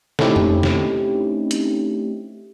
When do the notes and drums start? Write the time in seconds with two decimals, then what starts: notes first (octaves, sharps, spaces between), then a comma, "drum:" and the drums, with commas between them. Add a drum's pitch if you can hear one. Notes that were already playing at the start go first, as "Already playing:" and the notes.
0.19 A3 C4 C#4 D#4 E4 G4, drum: snare
0.36 drum: tom F2
0.63 drum: snare
1.51 drum: hi-hat